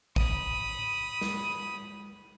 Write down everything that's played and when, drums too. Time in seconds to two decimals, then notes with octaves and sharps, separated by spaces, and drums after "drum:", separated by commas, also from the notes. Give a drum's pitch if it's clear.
0.16 B5 D#6, drum: kick
1.21 drum: snare